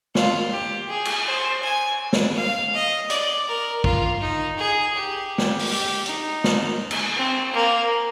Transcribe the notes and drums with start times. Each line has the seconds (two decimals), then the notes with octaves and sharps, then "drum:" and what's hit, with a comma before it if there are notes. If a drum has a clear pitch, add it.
0.15 F4, drum: snare
0.52 G4
0.89 G#4
1.05 drum: cymbal
1.26 C5
1.63 G#5
2.13 drum: snare
2.36 F5
2.74 D#5
3.10 D5, drum: hi-hat
3.48 A#4
3.84 F4, drum: kick
4.21 D#4
4.59 G#4
4.95 G4
5.38 drum: snare
5.59 drum: open hi-hat
5.69 G4
6.06 D#4, drum: hi-hat
6.44 drum: snare
6.91 drum: cymbal
7.17 C4
7.53 A#3